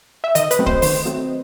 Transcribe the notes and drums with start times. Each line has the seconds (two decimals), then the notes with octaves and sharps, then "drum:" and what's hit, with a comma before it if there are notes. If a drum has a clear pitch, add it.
0.24 E5
0.35 D#3 D#5, drum: hi-hat
0.51 B4, drum: hi-hat
0.59 F#3 A3 C4
0.66 C5, drum: kick
0.82 D#3 C5, drum: open hi-hat
1.05 F#3 A3 C4